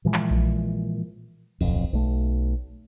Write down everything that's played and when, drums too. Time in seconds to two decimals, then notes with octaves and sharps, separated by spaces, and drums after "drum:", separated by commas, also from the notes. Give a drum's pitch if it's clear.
0.05 A#2 E3 F3 G#3
0.14 drum: clap
0.31 drum: kick A#1
1.61 D1 B1 F2, drum: cymbal
1.93 B1 A3